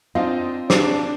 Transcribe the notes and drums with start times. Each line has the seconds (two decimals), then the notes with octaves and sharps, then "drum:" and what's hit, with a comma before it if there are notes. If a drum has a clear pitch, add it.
0.15 C4 D4 D#4 F4 D#5
0.70 D4 D6 C7, drum: snare